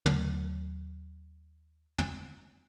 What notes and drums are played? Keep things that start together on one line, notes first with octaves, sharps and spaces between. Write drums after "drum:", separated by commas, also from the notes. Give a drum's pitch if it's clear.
D#2 F#3 A3, drum: tom
drum: tom